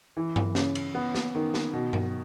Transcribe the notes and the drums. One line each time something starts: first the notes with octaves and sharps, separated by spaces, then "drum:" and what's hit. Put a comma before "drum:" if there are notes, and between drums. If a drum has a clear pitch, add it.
E3
drum: tom G2
C#3, drum: snare
drum: cymbal
B3
drum: snare
D#3
drum: snare
B2
drum: tom G2